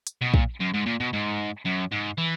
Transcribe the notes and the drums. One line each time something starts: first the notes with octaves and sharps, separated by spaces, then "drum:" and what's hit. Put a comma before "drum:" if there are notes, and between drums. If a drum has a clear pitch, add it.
drum: hi-hat
B2
A#2, drum: kick
F#2
G#2
A#2
B2
G#2
F#2
G#2
E3